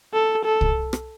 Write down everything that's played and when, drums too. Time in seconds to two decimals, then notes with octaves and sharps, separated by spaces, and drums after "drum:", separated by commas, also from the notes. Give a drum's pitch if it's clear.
0.13 A4
0.45 A4
0.61 drum: kick C2
0.93 drum: rim click